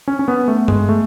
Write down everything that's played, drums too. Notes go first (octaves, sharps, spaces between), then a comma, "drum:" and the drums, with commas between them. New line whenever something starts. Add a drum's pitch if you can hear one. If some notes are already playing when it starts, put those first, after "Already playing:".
C#4
C#4
B3
A3
G#3, drum: tom G2
A3